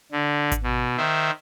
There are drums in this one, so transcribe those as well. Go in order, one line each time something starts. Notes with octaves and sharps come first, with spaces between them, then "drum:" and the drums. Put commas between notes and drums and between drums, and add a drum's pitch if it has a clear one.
D3
drum: kick G#1, hi-hat
B2
D#3 C5 E5